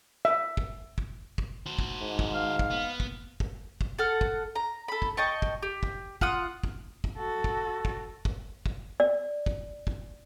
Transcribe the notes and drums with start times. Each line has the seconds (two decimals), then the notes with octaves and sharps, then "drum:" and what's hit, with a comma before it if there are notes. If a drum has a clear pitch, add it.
0.25 E5
0.57 drum: kick
0.98 drum: kick
1.38 drum: kick
1.66 F#4 C5
1.79 drum: kick
2.01 G#2
2.19 drum: kick
2.35 F5
2.59 drum: kick
2.70 B3
3.00 drum: kick
3.40 drum: kick
3.81 drum: kick
3.99 A4 F#5 F6
4.21 drum: kick
4.55 A#5
4.88 A4 B5
5.02 drum: kick
5.17 D#5 G5 A5 C#6
5.42 drum: kick
5.62 G4
5.83 drum: kick
6.21 F4 F#5 D#6, drum: kick
6.64 drum: kick
7.04 drum: kick
7.17 F#4 A4
7.44 drum: kick
7.85 drum: kick
8.25 drum: kick
8.66 drum: kick
9.00 D5
9.46 drum: kick
9.87 drum: kick